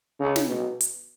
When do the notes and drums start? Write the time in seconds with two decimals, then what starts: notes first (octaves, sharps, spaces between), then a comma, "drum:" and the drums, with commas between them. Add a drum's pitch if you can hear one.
0.20 C#3
0.36 drum: snare
0.48 B2
0.81 drum: hi-hat